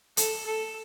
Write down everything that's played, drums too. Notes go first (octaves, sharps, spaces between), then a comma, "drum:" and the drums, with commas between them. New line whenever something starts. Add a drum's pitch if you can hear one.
A4, drum: hi-hat
A4